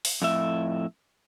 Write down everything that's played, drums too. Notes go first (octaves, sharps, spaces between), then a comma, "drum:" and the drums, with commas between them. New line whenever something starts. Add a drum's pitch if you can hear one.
drum: open hi-hat
F2 A2 E5